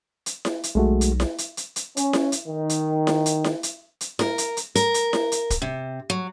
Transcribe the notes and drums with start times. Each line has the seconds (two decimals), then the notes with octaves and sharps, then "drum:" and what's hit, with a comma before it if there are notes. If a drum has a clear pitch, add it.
0.26 drum: hi-hat
0.45 drum: snare E4
0.63 drum: hi-hat
0.75 B1 G#3 A3 F#4
1.01 drum: hi-hat
1.20 drum: snare E4
1.38 drum: hi-hat
1.57 drum: hi-hat
1.76 drum: hi-hat
1.97 C#4, drum: hi-hat
2.13 drum: snare E4
2.32 drum: hi-hat
2.47 D#3
2.69 drum: hi-hat
3.07 drum: snare E4
3.26 drum: hi-hat
3.44 drum: snare E4
3.63 drum: hi-hat
4.01 drum: hi-hat
4.19 A#4, drum: snare E4
4.38 drum: hi-hat
4.57 drum: hi-hat
4.75 A#4, drum: hi-hat
4.94 drum: hi-hat
5.13 drum: snare E4
5.32 drum: hi-hat
5.50 drum: kick, hi-hat
5.62 C3
6.10 F#3